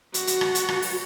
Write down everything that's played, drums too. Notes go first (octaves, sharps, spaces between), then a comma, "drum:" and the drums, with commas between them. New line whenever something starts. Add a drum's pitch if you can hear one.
F#4, drum: hi-hat
drum: hi-hat
drum: rim click
drum: hi-hat
drum: rim click
drum: open hi-hat